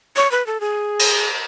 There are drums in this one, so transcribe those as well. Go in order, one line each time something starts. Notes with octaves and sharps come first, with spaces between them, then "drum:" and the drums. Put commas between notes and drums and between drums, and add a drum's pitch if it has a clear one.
C#5
B4
A4
G#4
drum: cymbal